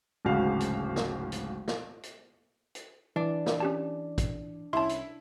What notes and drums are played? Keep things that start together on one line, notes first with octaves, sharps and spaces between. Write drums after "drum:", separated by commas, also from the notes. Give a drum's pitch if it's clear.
D1 G#1 C#3 F#4 F5
drum: hi-hat
drum: snare
drum: hi-hat
drum: snare
drum: hi-hat
drum: hi-hat
E3 D4
drum: snare
C#4 G4 A5
drum: kick, hi-hat
C2 C#4 E4 A5 C6
drum: hi-hat